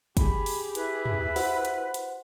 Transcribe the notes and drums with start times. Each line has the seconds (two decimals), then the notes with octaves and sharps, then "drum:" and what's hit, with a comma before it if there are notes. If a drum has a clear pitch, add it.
0.17 G4 G#4 B5, drum: kick, hi-hat
0.46 drum: open hi-hat
0.75 E4 B4, drum: hi-hat
1.05 drum: tom
1.36 F#4 C5 F#5, drum: open hi-hat
1.65 drum: hi-hat
1.94 drum: hi-hat